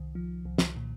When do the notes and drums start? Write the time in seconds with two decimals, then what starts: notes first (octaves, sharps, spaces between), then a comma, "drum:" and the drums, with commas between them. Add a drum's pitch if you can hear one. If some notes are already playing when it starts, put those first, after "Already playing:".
Already playing: C2 D#3
0.15 F3
0.45 C2
0.58 drum: snare
0.76 A#2